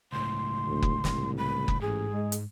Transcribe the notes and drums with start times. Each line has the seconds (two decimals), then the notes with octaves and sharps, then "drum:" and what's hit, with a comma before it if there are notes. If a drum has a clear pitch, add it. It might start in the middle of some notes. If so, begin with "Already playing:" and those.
0.13 C#2 A2 C6
0.67 D2
0.83 drum: kick F#1
1.04 C2, drum: snare
1.38 B5
1.68 drum: kick F#1
1.81 A1 G#2 G#4
2.13 G#3
2.32 drum: hi-hat